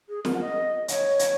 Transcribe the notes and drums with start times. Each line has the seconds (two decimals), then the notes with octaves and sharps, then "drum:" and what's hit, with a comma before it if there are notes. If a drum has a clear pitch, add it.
0.09 G#4
0.25 A#4, drum: snare
0.35 F#5
0.41 D#5
0.88 C#5, drum: hi-hat
1.19 drum: hi-hat